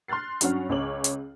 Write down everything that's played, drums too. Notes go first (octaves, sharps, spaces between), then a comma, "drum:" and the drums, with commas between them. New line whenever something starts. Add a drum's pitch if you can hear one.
C6 F6 F#6 A6 C7
G2 F#3 C#4 F#5 F6, drum: hi-hat
C#2 C#4 C#5 D6 F#7
drum: hi-hat